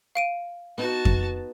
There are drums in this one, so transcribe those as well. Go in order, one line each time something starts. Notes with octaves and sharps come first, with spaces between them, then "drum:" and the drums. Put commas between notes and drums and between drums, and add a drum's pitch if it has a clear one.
F5 D7 D#7
B3 D#4 F#4 A5
drum: kick F2